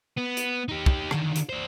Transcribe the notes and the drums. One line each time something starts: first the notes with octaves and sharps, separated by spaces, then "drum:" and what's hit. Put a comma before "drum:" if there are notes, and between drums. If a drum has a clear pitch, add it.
B3
drum: hi-hat
D#4 G4
drum: kick
D3 D#3, drum: rim click
drum: hi-hat
D4 C5